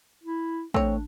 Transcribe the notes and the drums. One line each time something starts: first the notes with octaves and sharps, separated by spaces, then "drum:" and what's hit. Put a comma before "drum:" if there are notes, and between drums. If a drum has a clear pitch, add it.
E4
A3 C4 D4 C#5, drum: kick